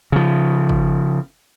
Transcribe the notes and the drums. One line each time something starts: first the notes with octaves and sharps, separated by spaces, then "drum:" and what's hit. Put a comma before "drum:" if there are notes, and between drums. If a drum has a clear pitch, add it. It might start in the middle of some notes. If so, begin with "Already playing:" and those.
C#3 F3
drum: kick